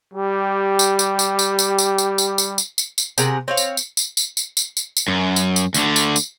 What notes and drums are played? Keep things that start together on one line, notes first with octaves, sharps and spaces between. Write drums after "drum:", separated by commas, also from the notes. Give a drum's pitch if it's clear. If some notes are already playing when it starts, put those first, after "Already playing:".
G3 G4
drum: tambourine
drum: tambourine
drum: tambourine
drum: tambourine
drum: tambourine
drum: tambourine
drum: tambourine
drum: tambourine
drum: tambourine
drum: tambourine
drum: tambourine
drum: tambourine
C3 G#4 A#4 F#5, drum: tambourine
C4 C#5 F5
drum: tambourine
drum: tambourine
drum: tambourine
drum: tambourine
drum: tambourine
drum: tambourine
drum: tambourine
drum: tambourine
F#2
drum: tambourine
drum: tambourine
D2 D3, drum: tambourine
drum: tambourine
drum: tambourine